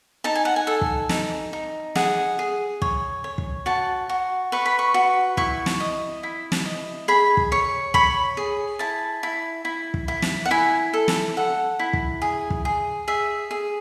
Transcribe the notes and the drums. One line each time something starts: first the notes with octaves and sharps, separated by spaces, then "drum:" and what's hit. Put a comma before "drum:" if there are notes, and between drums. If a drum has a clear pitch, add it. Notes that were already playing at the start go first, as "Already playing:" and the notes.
D#4 A5
G#5
F#5
G#5
A4
drum: kick
D#4, drum: snare
D#4
G#4 F#5, drum: snare
G#4
C#5, drum: kick
C#5
drum: kick
F#4 A5
F#4
B4 C#6
B5
C#6
F#4
E4 C#6, drum: kick
drum: snare
D#5
E4
drum: snare
D#5
G#4 B5
drum: kick
C#5
C#5 B5, drum: kick
G#4
E4 A5
E4
E4
drum: kick
E4
drum: snare
F#5
E4 G#5
A4
drum: snare
A4 F#5
E4
drum: kick
G#4
drum: kick
G#4
G#4 E5
G#4